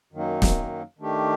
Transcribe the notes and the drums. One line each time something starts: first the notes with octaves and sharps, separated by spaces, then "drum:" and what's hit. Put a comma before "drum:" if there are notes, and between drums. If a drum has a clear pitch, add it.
F#2 D#3 F#3 A#3 D#4
drum: snare
D#3 A3 D4 G4